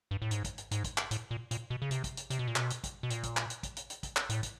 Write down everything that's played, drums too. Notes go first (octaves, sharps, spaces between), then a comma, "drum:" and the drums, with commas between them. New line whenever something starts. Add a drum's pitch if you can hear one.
G2
A2
G#2, drum: hi-hat
drum: kick, hi-hat
drum: hi-hat
G#2, drum: hi-hat
drum: kick, hi-hat
drum: clap
A2, drum: hi-hat
A#2
A#2, drum: hi-hat
B2
C#3
C3, drum: hi-hat
drum: kick, hi-hat
drum: hi-hat
C3, drum: hi-hat
B2
A#2
B2, drum: clap
drum: hi-hat
drum: kick, hi-hat
B2
A#2, drum: hi-hat
drum: kick, hi-hat
drum: clap
drum: hi-hat
drum: kick, hi-hat
drum: hi-hat
drum: hi-hat
drum: kick, hi-hat
drum: clap
A2, drum: hi-hat
drum: kick, hi-hat